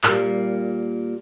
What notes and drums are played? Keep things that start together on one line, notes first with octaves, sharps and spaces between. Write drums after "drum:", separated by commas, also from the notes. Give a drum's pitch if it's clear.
A#2 G3, drum: clap